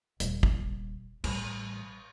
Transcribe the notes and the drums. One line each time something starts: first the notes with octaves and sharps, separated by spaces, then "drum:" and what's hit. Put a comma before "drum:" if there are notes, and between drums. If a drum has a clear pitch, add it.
D#1, drum: hi-hat
drum: kick
A1 G3, drum: cymbal